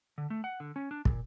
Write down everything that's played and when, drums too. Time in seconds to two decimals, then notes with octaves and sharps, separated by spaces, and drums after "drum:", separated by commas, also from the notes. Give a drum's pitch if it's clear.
0.18 D3
0.30 A3
0.44 F#5
0.60 D3
0.76 C#4
0.91 D4
1.05 A#2, drum: kick